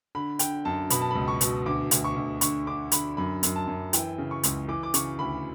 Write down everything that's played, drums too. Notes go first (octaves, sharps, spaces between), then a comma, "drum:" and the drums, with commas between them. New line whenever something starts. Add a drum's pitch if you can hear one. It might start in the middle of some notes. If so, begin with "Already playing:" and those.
D3 B5
D3 G5, drum: hi-hat
F#2 A5
B2 B5, drum: hi-hat
A5
C#2 B5
C#6
B2, drum: hi-hat
D2 D6
D2, drum: hi-hat
C#6
D2
D3 C#6, drum: hi-hat
D3 D6
D3 B5, drum: hi-hat
F#2 B5
F#2, drum: hi-hat
A5
F#2
E3 G5, drum: hi-hat
C#3
C#6
C#2, drum: hi-hat
E3 D6
D6
C#3 C#6, drum: hi-hat
D2 B5